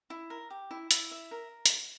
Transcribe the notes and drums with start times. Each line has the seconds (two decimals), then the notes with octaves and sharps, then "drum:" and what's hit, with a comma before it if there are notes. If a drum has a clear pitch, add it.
0.10 E4
0.30 A#4
0.50 G4
0.71 E4
0.91 E4, drum: hi-hat
1.11 E5
1.31 A#4
1.66 drum: hi-hat